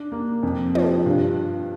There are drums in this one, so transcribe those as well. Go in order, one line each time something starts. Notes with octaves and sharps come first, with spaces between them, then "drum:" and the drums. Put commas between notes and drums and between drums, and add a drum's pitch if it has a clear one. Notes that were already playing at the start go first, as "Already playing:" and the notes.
Already playing: D4
A#3
F2
F3, drum: tom
G2